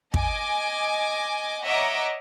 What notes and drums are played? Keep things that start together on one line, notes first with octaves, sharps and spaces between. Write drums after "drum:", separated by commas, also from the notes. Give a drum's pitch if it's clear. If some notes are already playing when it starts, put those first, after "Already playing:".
D#5 G#5 D6, drum: kick
C#5 D#5 E5 F#5 A#5 D6